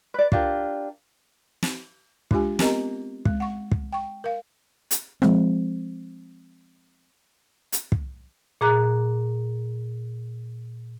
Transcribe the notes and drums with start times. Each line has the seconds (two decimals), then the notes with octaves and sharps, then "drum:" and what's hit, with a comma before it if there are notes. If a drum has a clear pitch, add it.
0.14 B4 D5
0.32 D4 F4 G4 A#4, drum: kick
1.63 drum: snare
2.31 G#3 D4 F4 G4 G#5, drum: kick
2.59 B3 C4 G4 A#4 D#5 A#5, drum: snare
3.25 G#3, drum: kick
3.40 F#5 C#6
3.72 drum: kick
3.92 G5 C#6
4.24 A#4 F5
4.91 drum: hi-hat
5.22 F3 G#3 C4, drum: rim click
7.72 drum: hi-hat
7.92 drum: kick
8.61 A#2 G#4 A#5 D6 F#6